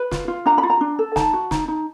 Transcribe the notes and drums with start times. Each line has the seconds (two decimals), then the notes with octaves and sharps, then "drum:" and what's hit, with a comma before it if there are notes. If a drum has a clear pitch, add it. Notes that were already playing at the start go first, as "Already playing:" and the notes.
Already playing: B4
0.11 F4, drum: snare
0.28 F4
0.46 D4 A#5
0.58 B5
0.63 F4
0.70 A#5
0.81 D4
0.99 A4
1.16 D#4 A5, drum: snare
1.33 F#4
1.51 D#4, drum: snare
1.68 D#4